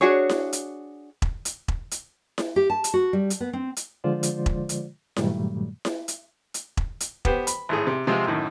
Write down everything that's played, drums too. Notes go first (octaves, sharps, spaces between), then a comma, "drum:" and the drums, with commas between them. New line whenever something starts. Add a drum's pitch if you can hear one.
D4 F#4 G#4 C#5
drum: snare E4
drum: hi-hat
drum: kick E1
drum: hi-hat
drum: kick E1
drum: hi-hat
drum: snare E4
G4
A5
drum: hi-hat
F#4
G3
drum: hi-hat
B3
C4
drum: hi-hat
D3 F3 G#3 F4 C5 D5
drum: hi-hat
drum: kick E1
drum: hi-hat
G2 A#2 D#3 F#3 G3 A3, drum: snare E4
drum: snare E4
drum: hi-hat
drum: hi-hat
drum: kick E1
drum: hi-hat
B3 G4 C5, drum: kick E1
B5, drum: hi-hat
G#1 A2 G#4
C3
C3 F3 G#3 C4 F4
F#2 A2 D#3